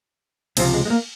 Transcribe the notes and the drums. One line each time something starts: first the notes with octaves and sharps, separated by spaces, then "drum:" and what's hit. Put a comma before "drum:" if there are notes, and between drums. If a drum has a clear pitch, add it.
C#2 C3 F3 C4, drum: cymbal
G#3
G#3
A#3